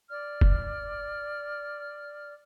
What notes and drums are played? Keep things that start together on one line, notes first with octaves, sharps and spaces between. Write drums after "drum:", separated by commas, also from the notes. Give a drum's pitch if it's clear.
D5 F6
drum: kick